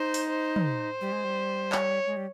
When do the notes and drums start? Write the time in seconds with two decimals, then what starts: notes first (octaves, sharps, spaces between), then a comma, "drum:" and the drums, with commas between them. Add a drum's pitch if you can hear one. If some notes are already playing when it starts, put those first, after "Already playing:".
Already playing: D#4 C5
0.14 drum: open hi-hat
0.30 C5
0.56 drum: tom
0.65 C5
1.01 G3
1.12 G#3
1.24 G3
1.72 C#5, drum: clap
2.07 G#3
2.17 G3